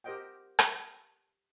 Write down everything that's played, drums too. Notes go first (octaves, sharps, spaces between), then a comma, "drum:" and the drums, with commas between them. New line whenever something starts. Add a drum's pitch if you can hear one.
G4 A#4 C5 D#5 F#5 G5
drum: rim click